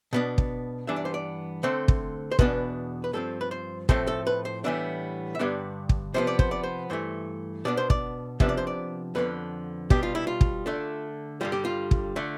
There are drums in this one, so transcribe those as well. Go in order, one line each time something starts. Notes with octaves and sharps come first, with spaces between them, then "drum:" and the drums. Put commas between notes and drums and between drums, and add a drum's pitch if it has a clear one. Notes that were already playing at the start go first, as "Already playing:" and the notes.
B2 B3 D4
drum: kick
G2 E3 B3 D4 E5
D5
C5
D5
D3 A3 C4 C5
drum: kick
C5
E2 B2 B3 D4 B4, drum: kick
B4
G2 F3 C4 A4
B4
C5
A2 F3 A3 C4 C5, drum: kick
A4
B4
C5
A2 E3 G3 B3 D4 E5
E5
G2 D3 G3 B3 D4 D5
drum: kick
C3 F3 B3 C5
D5
C5, drum: kick
D5
C5
G2 E3 A3 C5
B2 B3 D4 D5
C5
D5, drum: kick
C3 F3 B3 D4 E5, drum: kick
D5
C5
D5
F2 D3 F3 B3 B4
B2 G3 D4 G4, drum: kick
F4
E4
F4
drum: kick
D3 A3 D4
G2 D3 G3 F4
G4
F4
drum: kick
D3 A3